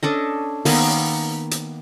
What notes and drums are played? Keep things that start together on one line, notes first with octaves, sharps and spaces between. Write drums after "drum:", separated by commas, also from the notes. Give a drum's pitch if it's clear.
C#4 D4 A4 D#5
D#3 A#3 B3, drum: open hi-hat
drum: hi-hat